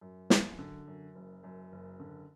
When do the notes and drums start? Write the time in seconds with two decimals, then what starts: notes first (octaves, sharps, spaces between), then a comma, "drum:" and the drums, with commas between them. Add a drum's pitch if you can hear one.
0.01 F#2
0.30 F#2, drum: snare
0.59 D3
0.87 F#2
1.15 F#1
1.44 F#2
1.72 F#1
2.00 D3